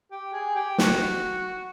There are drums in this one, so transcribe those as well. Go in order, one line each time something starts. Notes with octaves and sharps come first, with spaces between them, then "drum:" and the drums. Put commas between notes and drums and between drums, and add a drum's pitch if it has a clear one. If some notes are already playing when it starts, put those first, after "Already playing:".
G4
G#4
G4
F#4, drum: snare